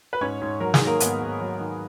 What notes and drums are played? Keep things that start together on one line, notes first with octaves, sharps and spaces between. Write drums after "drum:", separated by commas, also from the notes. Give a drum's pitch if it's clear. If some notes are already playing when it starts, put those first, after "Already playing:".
B4
G#2 C#4 C#5
G#2
F#3 A#4
G#4, drum: snare
D#3
A#3 A#4
G#2 B3 B4, drum: hi-hat
G#2
F#3
D#3